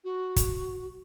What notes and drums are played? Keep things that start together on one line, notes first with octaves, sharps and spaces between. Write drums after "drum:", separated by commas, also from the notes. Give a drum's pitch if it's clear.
F#4
drum: kick, hi-hat